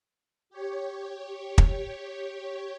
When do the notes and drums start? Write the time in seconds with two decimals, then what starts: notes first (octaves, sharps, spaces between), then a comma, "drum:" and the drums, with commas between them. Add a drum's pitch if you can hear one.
0.50 G4 C#5
1.58 drum: kick